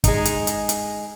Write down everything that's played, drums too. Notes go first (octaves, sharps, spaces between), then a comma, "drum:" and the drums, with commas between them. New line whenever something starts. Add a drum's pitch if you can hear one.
G#3 D#4, drum: kick, hi-hat
drum: hi-hat
drum: hi-hat
drum: hi-hat